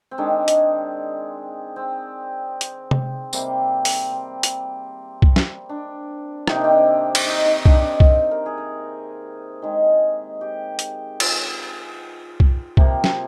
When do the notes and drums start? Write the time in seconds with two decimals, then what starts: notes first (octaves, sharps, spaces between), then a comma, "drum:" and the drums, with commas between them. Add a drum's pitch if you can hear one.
0.11 C4
0.18 D#3 G#3 D4
0.48 drum: hi-hat
1.76 C4
2.61 drum: hi-hat
2.91 drum: tom C3
3.33 C3 G3 A#3 C4, drum: tambourine
3.85 drum: open hi-hat
4.12 C4
4.43 drum: hi-hat
5.22 drum: kick C2
5.36 drum: snare
5.69 D4
6.47 C3 D#3 A#3 D#4, drum: rim click
6.56 D4
6.64 C4
6.72 D4
7.15 drum: cymbal
7.27 D#4
7.46 D#4
7.66 D4, drum: kick C2
7.78 D4
7.85 D#4
8.00 drum: kick C2
8.31 A#4
8.46 G#4
8.58 A#4
9.62 D#3 G#3
10.41 G4
10.79 drum: hi-hat
11.20 F4, drum: cymbal
12.40 drum: kick C2
12.77 C3 F3 A#3, drum: kick C2
13.04 drum: snare